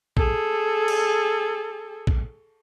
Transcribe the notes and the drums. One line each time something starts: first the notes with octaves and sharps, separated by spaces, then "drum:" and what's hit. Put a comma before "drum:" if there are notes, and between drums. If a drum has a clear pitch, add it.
G#4 A4, drum: kick
drum: cymbal
drum: kick